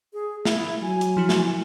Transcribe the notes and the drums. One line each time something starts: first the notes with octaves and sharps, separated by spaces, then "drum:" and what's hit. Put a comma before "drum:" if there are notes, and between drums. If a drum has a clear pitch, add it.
G#4
E4, drum: snare
F#3 G#5
drum: hi-hat
F3 E4 F#4
drum: snare